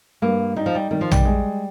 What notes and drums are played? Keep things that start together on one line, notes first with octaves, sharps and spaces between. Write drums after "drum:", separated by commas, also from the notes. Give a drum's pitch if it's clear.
G2 A#3
G3 D#4
F3
G3
D#3 G3
F3
G3, drum: tom A#1
G#3